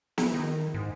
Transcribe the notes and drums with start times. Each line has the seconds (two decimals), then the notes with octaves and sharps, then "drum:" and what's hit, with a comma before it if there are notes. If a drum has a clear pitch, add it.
0.18 E4, drum: snare
0.34 D#3
0.74 G#2